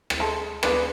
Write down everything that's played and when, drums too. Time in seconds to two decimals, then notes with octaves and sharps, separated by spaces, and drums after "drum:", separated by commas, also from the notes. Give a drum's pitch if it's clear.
0.10 drum: rim click
0.20 G#3 A4
0.63 G#3 B3 D4 B4, drum: rim click